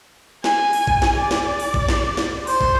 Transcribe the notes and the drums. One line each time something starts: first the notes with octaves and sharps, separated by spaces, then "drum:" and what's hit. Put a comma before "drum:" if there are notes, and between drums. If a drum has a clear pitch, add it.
G#5, drum: snare
drum: open hi-hat
drum: kick
drum: snare
D5
drum: snare
drum: open hi-hat
drum: kick
drum: snare
drum: snare
C5, drum: open hi-hat
drum: kick